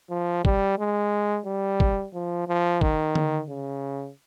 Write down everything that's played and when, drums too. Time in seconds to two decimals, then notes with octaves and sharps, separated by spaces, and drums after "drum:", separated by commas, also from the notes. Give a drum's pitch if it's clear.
0.10 F3
0.45 G3, drum: kick
0.79 G#3
1.46 G3
1.80 drum: kick
2.14 F3
2.48 F3
2.81 D#3, drum: kick
3.15 drum: tom D3
3.49 C#3